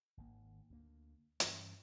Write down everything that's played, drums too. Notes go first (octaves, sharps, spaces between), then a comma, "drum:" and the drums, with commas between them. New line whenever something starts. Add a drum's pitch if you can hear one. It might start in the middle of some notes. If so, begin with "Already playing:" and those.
G#1 D#3 A#3
D2 A#3
G2 E3 G3 C#4, drum: hi-hat